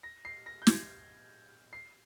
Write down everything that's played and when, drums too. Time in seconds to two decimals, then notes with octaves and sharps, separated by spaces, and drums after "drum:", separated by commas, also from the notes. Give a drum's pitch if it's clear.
0.03 A#6
0.25 C7
0.46 A#6
0.62 G6
0.67 G#6, drum: snare
1.73 C7